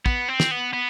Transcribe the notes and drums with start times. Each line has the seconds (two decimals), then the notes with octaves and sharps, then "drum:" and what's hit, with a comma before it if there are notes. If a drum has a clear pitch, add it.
0.06 B3, drum: kick
0.29 C4
0.40 drum: snare
0.51 B3
0.73 B3